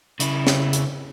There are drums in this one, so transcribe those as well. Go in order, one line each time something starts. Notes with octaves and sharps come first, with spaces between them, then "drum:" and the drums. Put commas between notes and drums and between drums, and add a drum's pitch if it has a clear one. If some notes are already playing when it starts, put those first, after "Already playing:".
C#3 E4, drum: hi-hat
drum: snare
drum: hi-hat